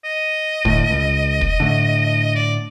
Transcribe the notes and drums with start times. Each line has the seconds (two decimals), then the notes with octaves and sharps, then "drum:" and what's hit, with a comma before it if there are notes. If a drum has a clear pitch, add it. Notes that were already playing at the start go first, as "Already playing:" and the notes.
0.05 D#5
0.65 D2 A2, drum: kick
0.90 C#2
1.41 drum: kick
1.60 A2 D3
2.36 D5